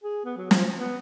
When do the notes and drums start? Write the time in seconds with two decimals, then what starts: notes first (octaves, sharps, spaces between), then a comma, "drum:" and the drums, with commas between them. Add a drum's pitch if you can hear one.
0.03 G#4
0.25 B3
0.37 F#3
0.51 F3, drum: snare
0.75 B3